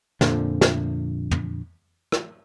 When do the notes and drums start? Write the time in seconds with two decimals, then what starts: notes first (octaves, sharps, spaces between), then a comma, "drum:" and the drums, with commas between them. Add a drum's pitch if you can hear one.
0.21 F2 A#2 D3 F3, drum: snare
0.61 drum: snare
1.31 drum: tom
2.12 drum: rim click